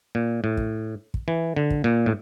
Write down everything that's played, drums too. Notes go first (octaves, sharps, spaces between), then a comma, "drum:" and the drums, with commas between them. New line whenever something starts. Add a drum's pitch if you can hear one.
A#2
A2
drum: kick
drum: kick
E3
D3
drum: kick
A#2
A2